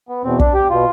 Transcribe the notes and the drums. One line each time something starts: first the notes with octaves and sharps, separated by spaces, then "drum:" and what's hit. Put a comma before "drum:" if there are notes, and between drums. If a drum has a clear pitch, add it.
B3
E2 B2 C4
D4, drum: kick
G4
B2 F4